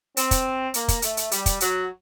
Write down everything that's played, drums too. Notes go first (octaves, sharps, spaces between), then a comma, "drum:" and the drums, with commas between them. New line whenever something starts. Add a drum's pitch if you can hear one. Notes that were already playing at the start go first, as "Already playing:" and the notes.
C4, drum: hi-hat
drum: kick, hi-hat
A#3, drum: hi-hat
drum: kick, hi-hat
A3, drum: hi-hat
drum: hi-hat
G3, drum: hi-hat
drum: kick, hi-hat
F#3, drum: hi-hat